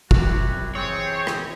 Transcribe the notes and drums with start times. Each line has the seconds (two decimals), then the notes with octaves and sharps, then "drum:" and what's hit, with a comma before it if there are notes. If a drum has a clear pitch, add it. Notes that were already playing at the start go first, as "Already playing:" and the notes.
0.11 F#2 C3 G3 E4 F#4 G4, drum: kick
0.75 C3 E3 C4 G#4 C#5 G5 D#6
1.27 drum: rim click